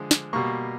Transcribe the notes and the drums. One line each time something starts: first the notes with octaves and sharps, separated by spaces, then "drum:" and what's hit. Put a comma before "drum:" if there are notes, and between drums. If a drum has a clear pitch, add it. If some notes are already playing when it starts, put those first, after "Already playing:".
Already playing: D3 F3 G#3
drum: snare
B2 G3 A#3 C#6